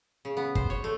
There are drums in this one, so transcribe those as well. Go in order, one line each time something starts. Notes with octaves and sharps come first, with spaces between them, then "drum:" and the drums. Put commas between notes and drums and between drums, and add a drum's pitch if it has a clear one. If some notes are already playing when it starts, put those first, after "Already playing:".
C#3
B3
C5, drum: kick G1
C#5
A3